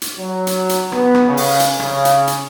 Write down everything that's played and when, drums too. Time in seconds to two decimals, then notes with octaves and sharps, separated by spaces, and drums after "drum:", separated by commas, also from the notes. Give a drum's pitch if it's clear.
0.02 drum: hi-hat
0.17 F#3
0.47 drum: hi-hat
0.69 drum: hi-hat
0.92 B3, drum: rim click
1.15 drum: rim click
1.28 C#3
1.37 drum: open hi-hat
1.60 drum: hi-hat
1.79 C#3, drum: rim click
2.05 drum: hi-hat
2.27 drum: hi-hat